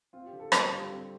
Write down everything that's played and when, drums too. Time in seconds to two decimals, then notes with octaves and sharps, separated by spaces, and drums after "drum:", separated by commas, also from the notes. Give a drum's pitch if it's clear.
0.13 C4 F4
0.26 G4
0.33 D3
0.40 A4
0.52 G3 G4, drum: rim click
0.66 F4
0.72 D3
0.78 G4
0.91 C4 G4